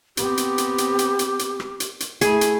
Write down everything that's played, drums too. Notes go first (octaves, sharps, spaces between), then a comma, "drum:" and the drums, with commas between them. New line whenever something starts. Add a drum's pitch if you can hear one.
B3 C4 G4, drum: hi-hat
drum: hi-hat
drum: hi-hat
drum: hi-hat
drum: hi-hat
drum: hi-hat
drum: hi-hat
drum: rim click
drum: hi-hat
drum: hi-hat
A3 E4 G#4, drum: hi-hat
drum: hi-hat